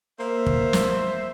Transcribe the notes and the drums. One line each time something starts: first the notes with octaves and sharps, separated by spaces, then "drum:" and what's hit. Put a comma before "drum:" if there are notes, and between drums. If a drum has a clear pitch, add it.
A#3 C5 E5
drum: kick
drum: snare